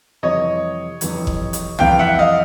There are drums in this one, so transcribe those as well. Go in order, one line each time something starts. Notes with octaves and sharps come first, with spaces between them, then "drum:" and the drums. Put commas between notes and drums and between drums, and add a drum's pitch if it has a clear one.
F2 C3 E3 G3 C#5 D#5
F2 C3 E3 G3, drum: hi-hat
drum: kick F#1
drum: hi-hat
F2 C3 E3 G3 F5 G5, drum: tom
E5 F#5
D#5 F5